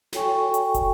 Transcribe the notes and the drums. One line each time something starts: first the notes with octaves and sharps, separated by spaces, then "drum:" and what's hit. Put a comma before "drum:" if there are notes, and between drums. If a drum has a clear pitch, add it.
F#4 A4 C#5 G5 G#5 C#6, drum: snare
drum: hi-hat
drum: kick, hi-hat